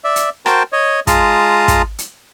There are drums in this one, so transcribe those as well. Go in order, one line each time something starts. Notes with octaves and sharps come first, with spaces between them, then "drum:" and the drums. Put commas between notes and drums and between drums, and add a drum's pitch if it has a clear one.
D5 E5
drum: hi-hat
F#4 A#4 C5 G5 A5, drum: rim click
C#5 D#5
G#3 F4 A5 A#5 D#6, drum: kick, hi-hat
drum: kick, hi-hat
drum: hi-hat